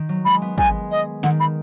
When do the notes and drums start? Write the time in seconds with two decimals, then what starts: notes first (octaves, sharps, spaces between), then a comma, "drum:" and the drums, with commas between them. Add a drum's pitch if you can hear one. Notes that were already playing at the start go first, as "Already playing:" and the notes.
Already playing: D#3
0.09 F#3
0.25 G#3 B5
0.42 B3
0.58 G#3 G#5, drum: kick
0.91 D#5
1.23 D#3 F#5, drum: snare
1.40 B5